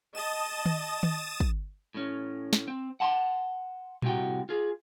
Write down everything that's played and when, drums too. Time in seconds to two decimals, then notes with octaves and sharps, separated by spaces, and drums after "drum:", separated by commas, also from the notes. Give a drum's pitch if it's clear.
0.15 D#5 A5 D#6 A6 E7
0.66 drum: tom D#3
1.03 drum: tom D#3
1.40 drum: kick
1.95 A2 C#4
2.53 drum: snare
2.68 C4
3.00 F#5 A5 C6
4.02 C2 A2 C3 F#4 G5, drum: tom A#2
4.49 F4 G#4